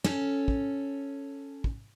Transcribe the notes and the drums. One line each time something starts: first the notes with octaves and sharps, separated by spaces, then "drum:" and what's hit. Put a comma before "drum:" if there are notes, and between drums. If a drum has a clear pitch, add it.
C#4 A4, drum: snare
drum: kick
drum: kick